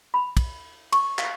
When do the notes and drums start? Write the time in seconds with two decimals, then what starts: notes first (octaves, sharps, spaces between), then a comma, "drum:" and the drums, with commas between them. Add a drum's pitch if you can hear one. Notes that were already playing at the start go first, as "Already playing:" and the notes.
0.14 B5
0.37 drum: kick, cymbal
0.92 C#6, drum: cymbal
1.18 F5, drum: clap